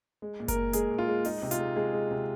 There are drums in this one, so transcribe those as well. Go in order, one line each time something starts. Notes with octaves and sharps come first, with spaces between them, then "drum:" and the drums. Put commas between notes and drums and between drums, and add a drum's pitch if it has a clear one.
G#3
A#2
A#4, drum: kick F#1, hi-hat
A#2
G#3 G#4, drum: hi-hat
A#2
F4
G#3
G#3 D#4, drum: open hi-hat
C3
F4, drum: hi-hat
G#3
G#3 G#4
G#3
C3